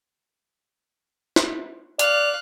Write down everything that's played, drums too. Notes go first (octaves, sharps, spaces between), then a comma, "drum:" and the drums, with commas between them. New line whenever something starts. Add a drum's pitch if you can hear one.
drum: snare
D5 F5 F#6 F7, drum: hi-hat